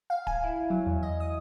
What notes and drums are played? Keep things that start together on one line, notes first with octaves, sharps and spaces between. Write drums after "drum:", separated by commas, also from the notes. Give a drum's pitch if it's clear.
F5
G#5, drum: kick D1
E4
F#3
E2
D#5
D#6